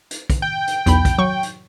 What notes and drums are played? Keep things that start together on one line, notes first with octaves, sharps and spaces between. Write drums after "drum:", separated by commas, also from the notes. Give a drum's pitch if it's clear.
drum: hi-hat
drum: kick, hi-hat
G5
drum: hi-hat
B1 E2 B5, drum: hi-hat
drum: kick, hi-hat
F#3 C#6
drum: hi-hat